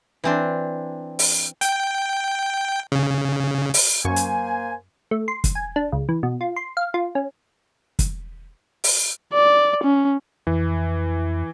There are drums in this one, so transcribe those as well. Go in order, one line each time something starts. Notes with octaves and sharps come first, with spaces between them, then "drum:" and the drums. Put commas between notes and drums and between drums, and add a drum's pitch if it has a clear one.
E3 C4 D4
drum: open hi-hat
G5, drum: hi-hat
C#3
drum: open hi-hat
F#2 A#3 C5 G#5 C#6
drum: hi-hat
A3
C6
drum: kick, hi-hat
G#5
D4
C#2
E3
B2
F4
C6
F5
F4
C#4
drum: kick, hi-hat
drum: open hi-hat
D5
C#4
F2 E3